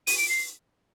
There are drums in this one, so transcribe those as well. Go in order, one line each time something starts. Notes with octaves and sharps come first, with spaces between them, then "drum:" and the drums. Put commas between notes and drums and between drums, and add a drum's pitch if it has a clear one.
D#7, drum: open hi-hat
D7
C7